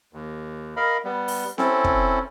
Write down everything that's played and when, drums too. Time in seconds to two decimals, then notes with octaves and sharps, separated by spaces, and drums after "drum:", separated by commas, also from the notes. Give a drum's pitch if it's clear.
0.13 D#2
0.77 A#4 D#5 F5 B5
1.05 G3 B3
1.28 drum: open hi-hat
1.58 C4 C#4 E4 A4, drum: snare C4
1.84 drum: kick